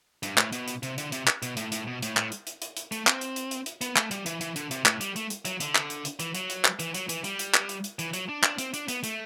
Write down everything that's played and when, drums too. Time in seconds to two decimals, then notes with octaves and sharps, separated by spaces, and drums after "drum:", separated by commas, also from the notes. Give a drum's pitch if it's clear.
0.23 G2, drum: hi-hat
0.38 A2, drum: clap
0.52 B2, drum: hi-hat
0.68 drum: hi-hat
0.83 C3, drum: hi-hat
0.98 D3, drum: hi-hat
1.12 C3, drum: hi-hat
1.27 drum: clap
1.42 B2, drum: hi-hat
1.57 A2, drum: hi-hat
1.72 A2, drum: hi-hat
1.87 B2
2.02 A2, drum: hi-hat
2.17 A2, drum: clap
2.32 drum: hi-hat
2.47 drum: hi-hat
2.62 drum: hi-hat
2.77 drum: hi-hat
2.92 A3, drum: hi-hat
3.07 C4, drum: clap
3.21 drum: hi-hat
3.36 drum: hi-hat
3.51 drum: hi-hat
3.66 drum: hi-hat
3.81 B3, drum: hi-hat
3.96 A3, drum: clap
4.11 G3, drum: hi-hat
4.26 E3, drum: hi-hat
4.41 E3, drum: hi-hat
4.56 D3, drum: hi-hat
4.71 C3, drum: hi-hat
4.86 A2, drum: clap
5.01 G3, drum: hi-hat
5.16 A3, drum: hi-hat
5.30 drum: hi-hat
5.45 F#3, drum: hi-hat
5.60 D3, drum: hi-hat
5.75 drum: clap
5.90 drum: hi-hat
6.05 drum: hi-hat
6.20 E3, drum: hi-hat
6.35 F#3, drum: hi-hat
6.50 drum: hi-hat
6.65 drum: clap
6.79 E3, drum: hi-hat
6.94 F#3, drum: hi-hat
7.09 E3, drum: hi-hat
7.24 G3, drum: hi-hat
7.39 drum: hi-hat
7.54 drum: clap
7.69 drum: hi-hat
7.84 drum: hi-hat
7.99 E3, drum: hi-hat
8.13 F#3, drum: hi-hat
8.29 D4
8.43 D4, drum: clap
8.58 C4, drum: hi-hat
8.74 D4, drum: hi-hat
8.88 B3, drum: hi-hat
9.04 A3, drum: hi-hat